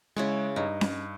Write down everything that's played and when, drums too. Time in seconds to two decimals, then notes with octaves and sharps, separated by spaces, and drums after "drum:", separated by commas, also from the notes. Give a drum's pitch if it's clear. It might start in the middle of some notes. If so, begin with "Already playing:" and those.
0.16 C#3 G#3 E4 C#6
0.56 G2 D#4
0.81 drum: snare C#4